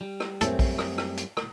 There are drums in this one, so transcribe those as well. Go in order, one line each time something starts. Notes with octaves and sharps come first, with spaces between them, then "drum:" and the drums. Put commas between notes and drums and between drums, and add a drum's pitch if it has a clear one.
G3
drum: rim click
F#2 A3 C4 A4, drum: hi-hat
drum: kick A#1, open hi-hat
drum: rim click
drum: rim click
drum: hi-hat
drum: rim click